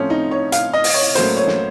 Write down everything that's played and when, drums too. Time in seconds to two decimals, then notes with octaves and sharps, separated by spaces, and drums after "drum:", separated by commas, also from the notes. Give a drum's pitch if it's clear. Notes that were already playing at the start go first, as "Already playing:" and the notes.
Already playing: A2 F3 C4 C#4
0.10 D#4
0.31 C#5
0.52 F5, drum: hi-hat
0.73 D#5
0.84 drum: open hi-hat
0.94 C#5
1.15 A2 F#3 A#3 C#4 C5, drum: hi-hat
1.37 C#5
1.47 drum: snare